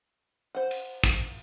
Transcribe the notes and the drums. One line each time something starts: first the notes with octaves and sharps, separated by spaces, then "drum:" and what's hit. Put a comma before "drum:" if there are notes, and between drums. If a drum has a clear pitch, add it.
C5 F#5
drum: cymbal
drum: kick, cymbal